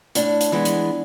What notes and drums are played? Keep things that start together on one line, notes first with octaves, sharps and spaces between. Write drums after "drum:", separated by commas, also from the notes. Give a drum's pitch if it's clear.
A2 D4, drum: hi-hat
drum: hi-hat
E3 G#3 B3
drum: hi-hat